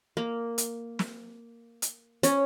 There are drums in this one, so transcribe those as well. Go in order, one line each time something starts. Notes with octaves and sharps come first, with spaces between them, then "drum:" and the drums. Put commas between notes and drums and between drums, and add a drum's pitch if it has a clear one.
A#3
drum: hi-hat
drum: snare
drum: hi-hat
C#4, drum: hi-hat